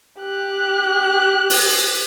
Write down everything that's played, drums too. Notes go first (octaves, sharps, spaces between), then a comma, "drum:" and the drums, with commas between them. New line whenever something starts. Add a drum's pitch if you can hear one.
G4 F#6
drum: open hi-hat